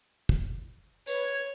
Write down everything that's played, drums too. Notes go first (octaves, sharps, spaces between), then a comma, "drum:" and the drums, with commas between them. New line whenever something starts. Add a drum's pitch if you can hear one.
drum: kick
B4 C#5 G#6, drum: tambourine